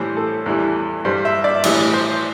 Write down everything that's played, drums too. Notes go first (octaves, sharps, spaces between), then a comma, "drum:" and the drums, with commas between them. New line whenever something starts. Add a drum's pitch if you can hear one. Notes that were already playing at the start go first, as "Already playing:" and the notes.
Already playing: A2 E3 G3 C5
A4
E2 E3 G3
G2 G3 C5
E5
D5
E5
A2 E3 G3 D5, drum: cymbal
C5